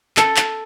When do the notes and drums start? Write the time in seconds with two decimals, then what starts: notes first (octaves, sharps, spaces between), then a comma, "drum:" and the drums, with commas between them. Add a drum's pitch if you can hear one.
0.17 A4, drum: clap
0.36 drum: clap